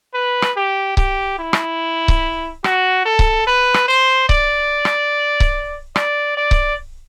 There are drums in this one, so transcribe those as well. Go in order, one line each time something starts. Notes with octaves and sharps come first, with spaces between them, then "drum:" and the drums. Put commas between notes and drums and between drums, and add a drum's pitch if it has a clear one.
B4
drum: rim click
G4
G4, drum: kick C#1
E4
drum: rim click
drum: kick C#1
F#4, drum: rim click
A4
drum: kick C#1
B4
drum: rim click
C5
D5, drum: kick C#1
drum: rim click
drum: kick C#1
D5, drum: rim click
D5
drum: kick C#1